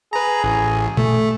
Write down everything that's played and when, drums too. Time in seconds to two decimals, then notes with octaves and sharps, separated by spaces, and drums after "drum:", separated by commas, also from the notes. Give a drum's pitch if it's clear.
0.13 G#4 B4 A#5
0.44 A1
0.97 A3, drum: tom A#2